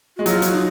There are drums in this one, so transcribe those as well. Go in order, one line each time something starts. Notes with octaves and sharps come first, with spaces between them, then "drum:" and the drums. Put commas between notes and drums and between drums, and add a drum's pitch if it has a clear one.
G#3 F#4
F#3 F4, drum: hi-hat
drum: hi-hat
D#4